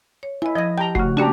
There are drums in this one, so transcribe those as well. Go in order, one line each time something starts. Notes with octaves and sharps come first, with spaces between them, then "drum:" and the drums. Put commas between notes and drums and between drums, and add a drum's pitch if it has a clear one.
C#5
E4 D#5 G#5
F3 D#5 G#6
G4 G5 A5 A#5
C#3 A3 F#4, drum: kick F1
A#3 C#4 D4 F#4 G4 A#5